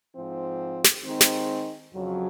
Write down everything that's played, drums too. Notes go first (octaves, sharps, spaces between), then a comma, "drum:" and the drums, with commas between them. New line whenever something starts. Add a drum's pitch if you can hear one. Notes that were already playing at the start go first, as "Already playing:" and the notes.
G#2 F3 C4
drum: snare
D#3 G#3 C4 D#4
drum: snare
F2 C#3 F#3